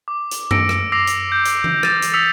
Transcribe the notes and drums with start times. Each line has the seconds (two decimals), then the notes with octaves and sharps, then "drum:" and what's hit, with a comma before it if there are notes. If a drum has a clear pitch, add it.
0.08 D6
0.31 drum: hi-hat
0.51 E6 A#6 C#7 D7, drum: tom F#2
0.69 drum: rim click
0.92 D6 E6 A#6 C7 F7
1.07 drum: hi-hat
1.32 G6
1.45 drum: hi-hat
1.64 drum: tom E3
1.83 G6 A6 D#7 E7, drum: rim click
2.02 drum: hi-hat
2.14 D#6 E6 A#6 B6 C#7 F7